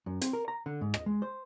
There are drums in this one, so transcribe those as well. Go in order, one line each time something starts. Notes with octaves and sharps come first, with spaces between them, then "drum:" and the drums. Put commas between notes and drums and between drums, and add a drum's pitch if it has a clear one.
F#2
C4, drum: hi-hat
A#4
A#5
D3
G#2
D#5, drum: rim click
G#3
C5